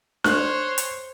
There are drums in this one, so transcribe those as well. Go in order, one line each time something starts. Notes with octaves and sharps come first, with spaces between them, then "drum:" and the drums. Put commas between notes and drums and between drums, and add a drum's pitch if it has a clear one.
C5 C#5 F#6, drum: snare D4
drum: hi-hat